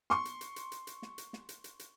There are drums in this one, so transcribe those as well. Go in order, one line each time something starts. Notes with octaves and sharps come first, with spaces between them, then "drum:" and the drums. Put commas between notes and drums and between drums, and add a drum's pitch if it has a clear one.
C6 C#6, drum: snare
drum: hi-hat
drum: hi-hat
drum: hi-hat
drum: hi-hat
drum: hi-hat
drum: snare
drum: hi-hat
drum: snare
drum: hi-hat
drum: hi-hat
drum: hi-hat